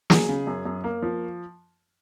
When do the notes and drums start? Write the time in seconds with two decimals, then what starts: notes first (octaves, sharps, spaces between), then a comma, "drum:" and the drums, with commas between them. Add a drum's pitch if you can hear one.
0.10 F#3 G#4, drum: snare
0.29 C#3
0.47 F#2
0.66 F#2
0.84 A#3
1.03 F3